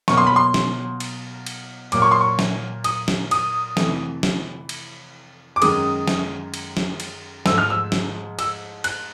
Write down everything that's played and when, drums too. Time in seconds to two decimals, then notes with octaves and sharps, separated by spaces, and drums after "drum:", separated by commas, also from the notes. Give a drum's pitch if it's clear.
0.08 B2 F#3 A#3 C#6, drum: snare
0.17 C6
0.27 B5
0.36 C6
0.54 drum: snare
1.00 drum: cymbal
1.47 drum: cymbal
1.92 A#2 F#3 A#3 D6, drum: cymbal
2.02 C#6
2.11 C6
2.21 C#6
2.39 drum: snare
2.84 D#6, drum: cymbal
3.08 drum: snare
3.31 D#6, drum: cymbal
3.77 F2 C3 E3 A3, drum: snare
4.23 drum: snare
4.69 drum: cymbal
5.56 D6
5.62 F#2 D#3 G#3 D#6, drum: cymbal
6.07 drum: snare
6.54 drum: cymbal
6.77 drum: snare
7.00 drum: cymbal
7.46 G#2 F3 A3 E6, drum: snare
7.58 F6
7.70 E6
7.92 drum: snare
8.39 E6, drum: cymbal
8.84 F#6, drum: cymbal